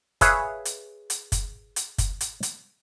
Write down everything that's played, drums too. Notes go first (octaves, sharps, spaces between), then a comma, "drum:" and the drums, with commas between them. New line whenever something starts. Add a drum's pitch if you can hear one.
G#4 B4 C#5 E5 F5, drum: kick, hi-hat
drum: hi-hat
drum: hi-hat
drum: kick, hi-hat
drum: hi-hat
drum: kick, hi-hat
drum: hi-hat
drum: hi-hat